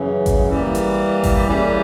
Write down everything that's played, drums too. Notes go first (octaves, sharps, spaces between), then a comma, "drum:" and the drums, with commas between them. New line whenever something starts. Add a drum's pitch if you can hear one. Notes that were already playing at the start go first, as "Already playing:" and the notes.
Already playing: F#2 C#3 E3
drum: kick G#1, hi-hat
E3 G3 A#3
drum: hi-hat
drum: kick G#1, open hi-hat
C#3 E3 G3 A#3 C#4